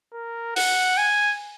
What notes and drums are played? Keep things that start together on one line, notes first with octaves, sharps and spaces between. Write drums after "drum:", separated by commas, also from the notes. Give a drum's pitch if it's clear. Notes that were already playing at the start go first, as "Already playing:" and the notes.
A#4
F#5, drum: open hi-hat
G#5